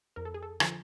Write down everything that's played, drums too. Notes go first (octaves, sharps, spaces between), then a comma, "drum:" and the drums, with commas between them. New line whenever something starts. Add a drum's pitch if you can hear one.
F2 A#4
A4
G#4
A4
D3 F3, drum: rim click